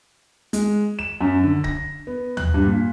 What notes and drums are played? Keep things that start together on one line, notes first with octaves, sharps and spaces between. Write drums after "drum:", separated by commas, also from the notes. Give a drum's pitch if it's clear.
G#3, drum: hi-hat
E7
F#2
D3
A#6, drum: kick
B3
F#6, drum: tom D#2
G2
A#2